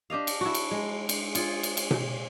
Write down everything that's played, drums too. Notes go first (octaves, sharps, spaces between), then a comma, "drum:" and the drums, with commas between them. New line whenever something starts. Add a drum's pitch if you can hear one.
D4 G4 D#5 F5
drum: cymbal
E4 F#4
drum: cymbal
G#3
drum: cymbal
F4 G#4, drum: cymbal
drum: cymbal
drum: cymbal
drum: tom B2